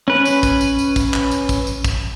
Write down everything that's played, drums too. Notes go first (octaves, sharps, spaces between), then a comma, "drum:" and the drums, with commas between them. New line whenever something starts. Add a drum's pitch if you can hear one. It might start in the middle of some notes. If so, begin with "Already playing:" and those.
C#4 B4
drum: tambourine
drum: kick, tambourine
drum: tambourine
drum: tambourine
drum: kick, tambourine
drum: clap
drum: tambourine
drum: kick, tambourine
drum: tambourine
drum: kick, tambourine